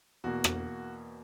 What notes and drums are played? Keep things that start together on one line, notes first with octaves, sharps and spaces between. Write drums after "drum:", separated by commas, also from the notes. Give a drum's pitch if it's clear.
E2 B2 A#3 F#4
drum: rim click